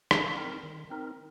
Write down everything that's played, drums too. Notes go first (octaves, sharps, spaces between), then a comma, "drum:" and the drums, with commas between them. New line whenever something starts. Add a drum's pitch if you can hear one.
D#3, drum: rim click
C4 D#4 A#4
D#3
C4 D#4 A#4